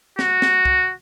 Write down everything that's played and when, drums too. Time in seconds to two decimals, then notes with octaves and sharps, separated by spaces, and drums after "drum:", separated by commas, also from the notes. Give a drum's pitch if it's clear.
0.19 F#4, drum: snare
0.42 drum: snare
0.65 drum: kick